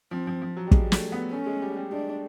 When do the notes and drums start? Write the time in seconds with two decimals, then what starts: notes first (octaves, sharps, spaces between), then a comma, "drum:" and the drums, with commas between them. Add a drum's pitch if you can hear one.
0.11 F3 C4
0.27 F3
0.42 F3
0.57 F#3
0.67 G3
0.71 G#3, drum: kick
0.92 A3, drum: snare
1.12 B3
1.31 A3 C#4
1.46 G#3
1.62 G3
1.77 G3
1.92 G#3 D4